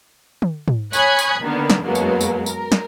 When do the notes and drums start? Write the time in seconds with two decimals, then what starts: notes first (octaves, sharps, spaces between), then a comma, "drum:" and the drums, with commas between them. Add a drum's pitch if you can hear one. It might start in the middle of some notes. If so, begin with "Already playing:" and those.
0.42 drum: tom
0.68 drum: tom
0.93 C#5 G#5 B5 D#6 F#6 G#6, drum: tambourine
1.19 drum: tambourine
1.41 D3 D#3 A#3 B3
1.70 drum: snare
1.83 F#2 B2 F#3 G#3 A#3
1.95 drum: tambourine
2.21 drum: tambourine
2.46 A#4, drum: tambourine
2.72 drum: snare